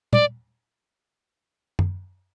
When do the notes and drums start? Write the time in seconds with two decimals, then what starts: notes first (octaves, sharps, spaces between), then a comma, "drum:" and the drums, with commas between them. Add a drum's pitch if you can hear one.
0.13 D5, drum: tom
1.79 drum: tom F#2